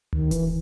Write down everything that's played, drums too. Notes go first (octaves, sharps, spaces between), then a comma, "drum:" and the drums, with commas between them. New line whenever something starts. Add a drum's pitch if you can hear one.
D#3, drum: tom C#2
E3, drum: kick D#1, hi-hat